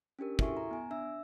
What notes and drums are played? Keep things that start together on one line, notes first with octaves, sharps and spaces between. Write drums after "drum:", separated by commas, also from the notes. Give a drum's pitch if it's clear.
C#4 D4 G4 A#4
E4 F#4 A4 E5 G#5 C#6, drum: kick
A#5
B3 G#5
D4 E5 E6